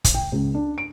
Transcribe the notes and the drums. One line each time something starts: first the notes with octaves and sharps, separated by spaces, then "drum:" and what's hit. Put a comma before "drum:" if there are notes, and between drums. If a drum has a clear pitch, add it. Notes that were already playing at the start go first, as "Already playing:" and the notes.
drum: kick, hi-hat
G5
C#2
D4
D7